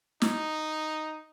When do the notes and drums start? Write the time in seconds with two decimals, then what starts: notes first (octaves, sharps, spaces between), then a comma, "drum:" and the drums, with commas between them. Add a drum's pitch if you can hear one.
0.22 D#4, drum: snare